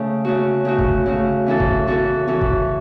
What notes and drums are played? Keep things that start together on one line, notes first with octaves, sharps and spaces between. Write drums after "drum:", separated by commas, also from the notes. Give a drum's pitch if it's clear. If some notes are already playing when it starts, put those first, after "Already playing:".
Already playing: C#3 A3
C#3 A3 F#4
C#3 A3 F#4
drum: kick
C#3 A3 F#4
E3 C#4 F#4 A4
drum: kick
E3 C#4 F#4 A4
E3 C#4 F#4 A4
drum: kick